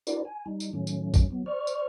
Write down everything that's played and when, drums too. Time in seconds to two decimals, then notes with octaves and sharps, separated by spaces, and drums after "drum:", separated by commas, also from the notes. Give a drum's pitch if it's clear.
0.07 D4 E4 F#4 A#4 B4 D5, drum: tambourine
0.25 G#5
0.46 G3 D#4
0.60 drum: tambourine
0.73 A2 D#3 F#3 A3 C#4
0.87 drum: tambourine
1.14 drum: kick A1, tambourine
1.31 F#3 B3
1.46 C5 D5 C#6 F6
1.67 drum: tambourine